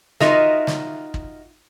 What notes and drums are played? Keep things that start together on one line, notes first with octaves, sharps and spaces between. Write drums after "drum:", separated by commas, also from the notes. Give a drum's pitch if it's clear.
D#4 F4 F#4 A#4 D#5 E5, drum: snare
drum: snare
drum: kick